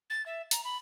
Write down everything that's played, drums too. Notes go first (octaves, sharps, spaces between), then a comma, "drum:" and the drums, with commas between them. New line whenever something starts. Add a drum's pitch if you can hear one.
A6
E5
A#5, drum: hi-hat
B5